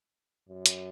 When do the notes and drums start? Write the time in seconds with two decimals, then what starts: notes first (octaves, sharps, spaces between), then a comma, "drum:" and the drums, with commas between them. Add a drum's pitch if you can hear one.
0.49 F#2
0.66 drum: hi-hat